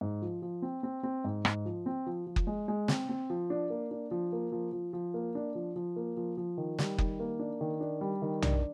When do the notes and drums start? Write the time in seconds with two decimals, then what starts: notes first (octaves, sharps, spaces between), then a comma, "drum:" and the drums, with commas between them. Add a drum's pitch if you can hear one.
0.01 G#2
0.22 F3
0.42 F3
0.62 C4
0.83 C4
1.03 C4
1.24 G#2
1.45 G#2, drum: rim click
1.65 F3
1.86 C4
2.06 F3
2.27 F3
2.36 drum: kick F#1
2.47 G#3
2.68 G#3
2.88 C4, drum: snare
3.09 C4
3.30 F3
3.50 D4
3.70 A#3
3.91 D4
4.11 F3
4.33 A#3
4.52 F3
4.72 F3
4.93 F3
5.14 A#3
5.35 D4
5.55 F3
5.76 F3
5.96 A#3
6.17 F3
6.37 F3
6.58 D#3
6.79 G3, drum: snare
6.98 D#3, drum: kick F#1
7.20 A#3
7.39 D4
7.61 D#3
7.81 D4
8.01 G3
8.22 D#3
8.42 D4, drum: tom B1